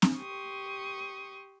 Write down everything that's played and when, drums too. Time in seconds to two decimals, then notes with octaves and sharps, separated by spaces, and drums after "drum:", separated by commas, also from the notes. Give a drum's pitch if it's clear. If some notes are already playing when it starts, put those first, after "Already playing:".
0.02 drum: snare C4
0.16 G4 C6 C#6 D#6